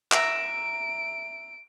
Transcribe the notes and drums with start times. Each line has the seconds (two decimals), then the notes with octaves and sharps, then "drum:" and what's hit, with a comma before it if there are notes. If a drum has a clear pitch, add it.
0.12 E5 A#5 D7, drum: clap